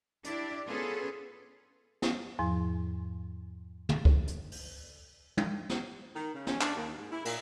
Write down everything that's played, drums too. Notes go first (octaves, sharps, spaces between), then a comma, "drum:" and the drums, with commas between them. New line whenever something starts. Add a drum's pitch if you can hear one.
D4 E4 G4 D5, drum: hi-hat
B3 C#4 F4 G#4 A4 B4
drum: snare
E2 G#2 F3
drum: tom
drum: kick C#2
drum: hi-hat
drum: open hi-hat
drum: tom
drum: snare
D#3
C#3
C#4, drum: snare
D4, drum: clap
D#2
G#2
E4
A#2, drum: cymbal